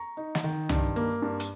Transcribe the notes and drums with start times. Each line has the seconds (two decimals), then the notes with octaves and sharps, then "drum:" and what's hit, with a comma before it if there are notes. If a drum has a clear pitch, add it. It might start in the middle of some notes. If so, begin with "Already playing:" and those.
Already playing: A#5 C#6
0.17 D#4
0.35 drum: snare
0.44 D#3
0.69 G2, drum: tom C2
0.96 A#3
1.22 G2
1.40 drum: hi-hat